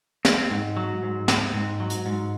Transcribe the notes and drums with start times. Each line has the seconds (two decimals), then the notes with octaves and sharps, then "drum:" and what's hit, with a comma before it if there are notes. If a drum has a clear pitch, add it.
0.25 C4, drum: snare
0.50 G#2
0.77 F#3
1.02 G#2
1.28 C4, drum: snare
1.54 G#2
1.80 F#3
1.90 drum: hi-hat
2.06 G#2